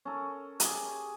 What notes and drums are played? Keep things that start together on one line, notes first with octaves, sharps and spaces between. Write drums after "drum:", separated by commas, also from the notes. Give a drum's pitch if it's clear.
C#4 A4 A#4
G4 G#4, drum: hi-hat